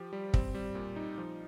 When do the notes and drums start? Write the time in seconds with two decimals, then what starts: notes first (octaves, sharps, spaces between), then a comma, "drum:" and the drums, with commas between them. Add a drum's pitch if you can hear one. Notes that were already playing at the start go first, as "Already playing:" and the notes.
Already playing: F3 G4
0.13 G3
0.34 C4, drum: kick
0.55 G3
0.75 A#2
0.96 D#4
1.18 F3